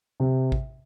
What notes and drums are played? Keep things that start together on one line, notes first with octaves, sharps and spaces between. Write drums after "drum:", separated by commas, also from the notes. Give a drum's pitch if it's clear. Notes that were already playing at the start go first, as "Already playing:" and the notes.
C3
drum: kick A1